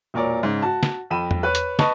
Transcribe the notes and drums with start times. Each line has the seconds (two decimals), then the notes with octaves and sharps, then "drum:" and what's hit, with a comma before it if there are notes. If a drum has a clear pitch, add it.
0.14 E1 A#2 A#4 C#5 D5
0.43 G#2 C#3
0.62 F#4 A5
0.83 drum: snare
1.10 F2 G5 B5 D#7 E7
1.31 drum: tom E2
1.43 B4 C#5 F#6
1.55 drum: hi-hat
1.79 B4 D#5 A5 C#6, drum: snare